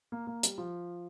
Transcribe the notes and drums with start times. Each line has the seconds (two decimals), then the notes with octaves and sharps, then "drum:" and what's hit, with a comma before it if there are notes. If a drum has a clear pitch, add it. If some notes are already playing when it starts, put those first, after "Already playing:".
0.12 A#3
0.27 A#3
0.43 G3, drum: hi-hat
0.58 F3